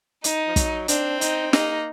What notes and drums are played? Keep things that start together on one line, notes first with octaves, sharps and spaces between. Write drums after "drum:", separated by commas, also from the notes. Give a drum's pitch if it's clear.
D#4, drum: hi-hat
F3
F#3, drum: kick, hi-hat
C4 D4, drum: hi-hat
D#4, drum: hi-hat
A#3 D#4, drum: snare